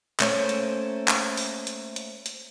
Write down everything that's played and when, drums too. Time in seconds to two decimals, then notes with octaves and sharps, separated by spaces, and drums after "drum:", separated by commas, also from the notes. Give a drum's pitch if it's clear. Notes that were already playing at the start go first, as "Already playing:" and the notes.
0.20 A3 A#3 C#4 C5 C#5, drum: clap
0.49 drum: hi-hat
1.08 drum: clap
1.37 drum: open hi-hat
1.67 drum: hi-hat
1.96 drum: hi-hat
2.26 drum: hi-hat